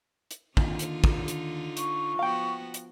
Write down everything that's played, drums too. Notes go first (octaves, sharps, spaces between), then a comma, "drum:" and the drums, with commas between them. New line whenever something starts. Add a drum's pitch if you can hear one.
drum: hi-hat
D#2 D3 D#4 F4, drum: kick
drum: hi-hat
drum: kick
drum: hi-hat
C#6, drum: hi-hat
F3 B3 F#4 F5 G5
drum: hi-hat